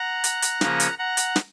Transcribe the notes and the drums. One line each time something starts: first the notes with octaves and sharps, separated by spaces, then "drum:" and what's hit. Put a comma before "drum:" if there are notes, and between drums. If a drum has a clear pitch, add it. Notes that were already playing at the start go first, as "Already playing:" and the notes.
Already playing: F#5 A#5
drum: hi-hat
drum: hi-hat
C#3 F3 A#3 C#4, drum: snare
drum: hi-hat
F#5 A#5
drum: hi-hat
drum: snare